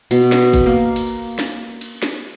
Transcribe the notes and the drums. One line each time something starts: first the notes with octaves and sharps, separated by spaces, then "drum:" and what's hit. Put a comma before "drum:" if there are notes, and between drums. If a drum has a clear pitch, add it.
B2, drum: cymbal
drum: snare
drum: kick, cymbal
A#3
drum: cymbal
drum: snare
drum: cymbal
drum: snare